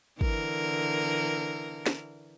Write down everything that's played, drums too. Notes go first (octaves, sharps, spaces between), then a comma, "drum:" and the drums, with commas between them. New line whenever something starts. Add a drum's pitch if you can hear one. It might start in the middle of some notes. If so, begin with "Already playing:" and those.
D3 E3 A#4, drum: kick
drum: snare